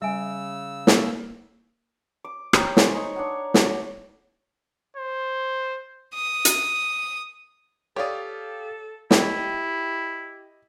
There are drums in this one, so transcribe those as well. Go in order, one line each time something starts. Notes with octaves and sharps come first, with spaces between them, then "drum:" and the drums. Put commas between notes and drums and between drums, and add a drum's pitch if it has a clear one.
C#3 G3 E5 G#5 E6
A#3, drum: snare
D6
C#5 G5 A#5 B5, drum: rim click
C5 C#5 G#5, drum: snare
D#4 C#6
D4 C#5 F#5
A3 F#4, drum: snare
C5
D#6
drum: hi-hat
G4 A4 C#5 D5 F5 D#6
E4 G4 D#5 G5 B5, drum: snare